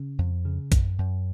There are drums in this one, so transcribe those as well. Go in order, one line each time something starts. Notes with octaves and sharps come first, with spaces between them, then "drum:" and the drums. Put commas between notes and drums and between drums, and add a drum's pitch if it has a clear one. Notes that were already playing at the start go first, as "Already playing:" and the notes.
Already playing: C#3
F2
C#3
F#2, drum: kick, hi-hat
F#2